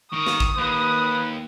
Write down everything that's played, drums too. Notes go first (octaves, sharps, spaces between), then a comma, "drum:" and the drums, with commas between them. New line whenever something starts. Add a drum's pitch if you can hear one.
D#3 A#4 C#6 D#6
drum: snare
drum: kick
D#2 B4